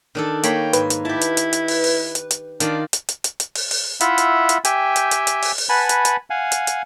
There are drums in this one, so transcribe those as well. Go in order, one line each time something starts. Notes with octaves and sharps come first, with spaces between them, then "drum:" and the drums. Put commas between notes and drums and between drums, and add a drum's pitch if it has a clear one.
D#3 D4 A4
A#3 C#5 G5 B5, drum: hi-hat
G#2 B4, drum: hi-hat
drum: hi-hat
E4 G4 A5
drum: hi-hat
drum: hi-hat
drum: hi-hat
drum: open hi-hat
drum: open hi-hat
drum: hi-hat
drum: hi-hat
D#3 D4 F4 D5, drum: hi-hat
drum: hi-hat
drum: hi-hat
drum: hi-hat
drum: hi-hat
drum: open hi-hat
drum: open hi-hat
E4 F4 E5 F#5, drum: hi-hat
drum: hi-hat
drum: hi-hat
G4 E5 G5 G#5, drum: hi-hat
drum: hi-hat
drum: hi-hat
drum: hi-hat
drum: open hi-hat
drum: open hi-hat
B4 F#5 G#5 A5 B5
drum: hi-hat
drum: hi-hat
F5 F#5 G#5
drum: hi-hat
drum: hi-hat